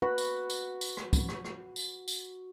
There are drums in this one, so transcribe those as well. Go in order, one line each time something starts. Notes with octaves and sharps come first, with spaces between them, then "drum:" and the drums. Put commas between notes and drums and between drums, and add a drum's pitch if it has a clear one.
F#4 B4 B5
drum: tambourine
drum: tambourine
drum: tambourine
drum: rim click
drum: kick, tambourine
drum: rim click
drum: rim click
drum: tambourine
drum: tambourine